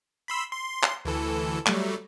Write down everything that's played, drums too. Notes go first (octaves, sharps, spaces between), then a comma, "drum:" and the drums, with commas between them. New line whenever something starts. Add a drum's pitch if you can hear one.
B5 C6 E6
C6
drum: clap
D2 E3 A4
F#3 G3 A3, drum: clap